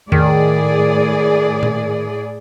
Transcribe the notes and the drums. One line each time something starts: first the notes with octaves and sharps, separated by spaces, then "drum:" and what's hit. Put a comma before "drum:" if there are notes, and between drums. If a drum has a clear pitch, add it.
A2 D#3 G#4 D5, drum: tom E2
drum: tom A#2